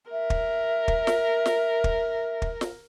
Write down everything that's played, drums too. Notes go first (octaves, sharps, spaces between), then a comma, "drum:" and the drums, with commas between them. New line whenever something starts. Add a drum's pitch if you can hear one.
A#4 E5
drum: kick
drum: kick
drum: snare
drum: snare
drum: kick
drum: kick
drum: snare